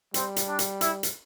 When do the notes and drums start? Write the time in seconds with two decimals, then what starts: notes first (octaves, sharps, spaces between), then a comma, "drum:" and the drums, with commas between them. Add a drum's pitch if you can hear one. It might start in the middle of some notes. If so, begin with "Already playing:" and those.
0.14 G3 C4, drum: hi-hat
0.36 drum: hi-hat
0.47 D4
0.59 drum: hi-hat
0.81 E4, drum: hi-hat
1.03 drum: hi-hat